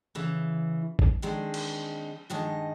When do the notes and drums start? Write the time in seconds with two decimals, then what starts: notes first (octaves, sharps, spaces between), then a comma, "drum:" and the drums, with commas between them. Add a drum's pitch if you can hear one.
0.15 C#3 E3
0.99 drum: kick
1.22 D#3 G#3 C4 D4
1.54 drum: cymbal
2.30 G2 D#3 G#3 D#5 A5